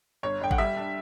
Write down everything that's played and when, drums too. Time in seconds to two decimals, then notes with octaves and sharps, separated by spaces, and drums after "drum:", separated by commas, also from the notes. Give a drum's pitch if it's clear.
0.23 G1 C#5
0.41 G1 G5
0.51 F#5, drum: kick G#1
0.58 G3 E5
0.77 D4